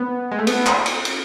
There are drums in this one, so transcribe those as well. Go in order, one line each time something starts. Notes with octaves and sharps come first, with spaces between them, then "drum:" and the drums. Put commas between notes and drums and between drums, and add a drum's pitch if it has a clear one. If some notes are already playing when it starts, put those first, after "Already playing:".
Already playing: B3
G#3
A3
B3, drum: cymbal
drum: clap
drum: cymbal
drum: cymbal